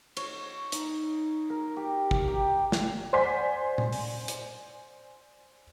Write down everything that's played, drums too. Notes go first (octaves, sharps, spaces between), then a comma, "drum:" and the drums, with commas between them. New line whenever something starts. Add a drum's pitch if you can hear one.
C#5, drum: cymbal
D#4, drum: hi-hat
A#4
G4
drum: kick
G4
drum: snare
C5 D5 F#5 G#5 C6 B6
drum: tom A#2
drum: open hi-hat
drum: hi-hat